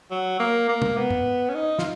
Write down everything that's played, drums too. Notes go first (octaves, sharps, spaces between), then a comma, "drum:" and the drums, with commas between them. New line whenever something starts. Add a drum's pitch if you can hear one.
F#3
A#3
A#3
drum: tom
B3
drum: tom G2
C#4
D#4
F4, drum: snare